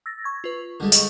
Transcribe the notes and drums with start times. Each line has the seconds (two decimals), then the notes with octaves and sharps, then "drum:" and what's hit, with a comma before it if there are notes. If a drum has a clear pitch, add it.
0.06 E6 A6 A#6
0.24 C#6 G#6
0.44 F4 B4
0.80 D3 G3 G#3
0.92 D#5 C#6, drum: tambourine